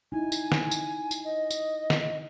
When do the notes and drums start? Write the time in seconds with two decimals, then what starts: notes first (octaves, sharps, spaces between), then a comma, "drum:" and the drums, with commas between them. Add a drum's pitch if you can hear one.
0.12 D#4 E4 G#5
0.32 drum: tambourine
0.52 drum: snare
0.71 drum: tambourine
1.11 drum: tambourine
1.25 D#5
1.51 drum: tambourine
1.90 drum: snare